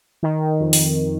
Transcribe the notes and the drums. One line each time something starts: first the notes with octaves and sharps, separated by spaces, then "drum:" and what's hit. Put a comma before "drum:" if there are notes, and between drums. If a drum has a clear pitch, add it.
D#3
F2
drum: open hi-hat